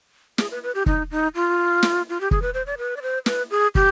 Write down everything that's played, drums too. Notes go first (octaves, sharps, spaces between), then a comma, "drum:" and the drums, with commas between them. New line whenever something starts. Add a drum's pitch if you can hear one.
G#4, drum: snare
B4
B4
G4
D#4, drum: kick
D#4
F4
drum: snare
F4
G4
G#4, drum: kick
B4
C5
D5
B4
D5
C5
B4, drum: snare
G#4
G4, drum: kick